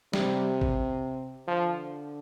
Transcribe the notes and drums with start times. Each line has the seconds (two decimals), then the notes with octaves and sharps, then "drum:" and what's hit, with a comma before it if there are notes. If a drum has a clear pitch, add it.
0.13 C3 G3, drum: snare
0.61 drum: kick G#1
1.48 D3 F3